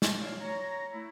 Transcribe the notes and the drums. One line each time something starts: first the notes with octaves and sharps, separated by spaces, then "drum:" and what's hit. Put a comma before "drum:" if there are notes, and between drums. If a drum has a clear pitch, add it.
drum: snare
B2 F3 C#5 D5 F5
C#5 A#5
A3 E4